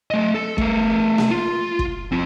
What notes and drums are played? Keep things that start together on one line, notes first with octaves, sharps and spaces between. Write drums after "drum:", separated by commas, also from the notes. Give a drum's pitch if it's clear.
A3 D#5
A4
A3 A#4, drum: kick
drum: snare A#3
F4
drum: kick
C4 F4